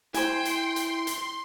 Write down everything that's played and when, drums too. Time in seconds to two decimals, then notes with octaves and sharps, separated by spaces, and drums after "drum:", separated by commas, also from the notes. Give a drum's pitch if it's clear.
0.14 E4 C5 G5 G#5 C6, drum: hi-hat
0.45 drum: hi-hat
0.76 drum: hi-hat
1.07 drum: hi-hat